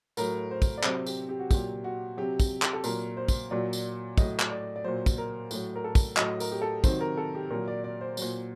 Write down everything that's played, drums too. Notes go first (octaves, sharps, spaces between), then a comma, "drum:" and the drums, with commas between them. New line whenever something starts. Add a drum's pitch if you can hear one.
A2 F#3 A#4, drum: tambourine
C5
drum: kick, tambourine
D5
C3 F#3 C5, drum: clap
G4, drum: tambourine
G4
F#4
A#2 F#3 G4, drum: kick, tambourine
F#4
C3 F#3 G4
drum: kick, tambourine
G4, drum: clap
A4
A#2 F#3 A#4, drum: tambourine
C5
drum: kick, tambourine
A#2 F#3 D5
drum: tambourine
A2 F#3 D#5, drum: kick, tambourine
drum: clap
D5
D5
A#2 F#3 C5
drum: kick, tambourine
A#4
A2 F#3, drum: tambourine
A#4
A4
drum: kick, tambourine
A2 F#3 D#5, drum: clap
A#4, drum: tambourine
G4
A4
C3 D#3 F#3 C5, drum: kick, tambourine
A#4
A4
G4
A#2 F#3 A#4
D5
D5
C5
A#2 F#3 C5, drum: tambourine